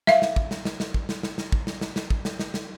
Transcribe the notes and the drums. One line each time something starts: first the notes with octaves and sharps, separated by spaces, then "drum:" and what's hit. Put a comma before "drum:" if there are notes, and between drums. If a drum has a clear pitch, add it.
E5 F5, drum: snare
drum: snare
drum: kick
drum: snare
drum: snare
drum: snare
drum: kick
drum: snare
drum: snare
drum: snare
drum: kick
drum: snare
drum: snare
drum: snare
drum: kick
drum: snare
drum: snare
drum: snare